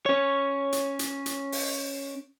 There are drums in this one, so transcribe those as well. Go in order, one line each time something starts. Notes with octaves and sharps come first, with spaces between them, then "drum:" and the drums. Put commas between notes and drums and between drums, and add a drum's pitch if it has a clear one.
C#4 C#5
drum: hi-hat
drum: hi-hat
drum: hi-hat
drum: open hi-hat